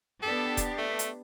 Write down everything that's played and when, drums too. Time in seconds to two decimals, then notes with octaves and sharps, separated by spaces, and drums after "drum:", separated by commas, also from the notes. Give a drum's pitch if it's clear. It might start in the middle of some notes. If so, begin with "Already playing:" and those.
0.22 B3 D4 G4 A4
0.57 drum: kick E1, hi-hat
0.78 A3
0.99 drum: hi-hat